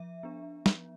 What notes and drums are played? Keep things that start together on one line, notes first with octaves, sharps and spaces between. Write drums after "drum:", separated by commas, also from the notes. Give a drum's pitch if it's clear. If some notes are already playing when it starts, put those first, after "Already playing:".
Already playing: F3 E5
B3 D4
F3, drum: snare